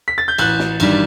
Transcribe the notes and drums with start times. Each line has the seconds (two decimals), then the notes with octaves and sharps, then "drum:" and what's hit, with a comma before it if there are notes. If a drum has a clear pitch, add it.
0.08 B6
0.18 A6
0.28 G6
0.38 A1 F#6, drum: cymbal
0.59 drum: snare
0.80 G2 D#3 G3, drum: cymbal